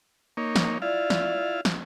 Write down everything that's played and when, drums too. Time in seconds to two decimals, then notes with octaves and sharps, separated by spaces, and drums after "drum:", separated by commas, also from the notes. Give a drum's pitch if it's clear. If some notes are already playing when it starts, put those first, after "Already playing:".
0.37 A#3 D#4 C#5
0.55 drum: snare
0.82 E4 F4 D5 F5
1.10 drum: snare
1.65 drum: snare